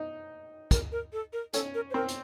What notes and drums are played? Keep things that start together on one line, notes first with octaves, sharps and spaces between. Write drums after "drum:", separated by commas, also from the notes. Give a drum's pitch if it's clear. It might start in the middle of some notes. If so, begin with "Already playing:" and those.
Already playing: D#4
A#4, drum: kick, hi-hat
A#4
A4
A#4
C#4 A4, drum: hi-hat
A#4
C5
C4 A#4
drum: hi-hat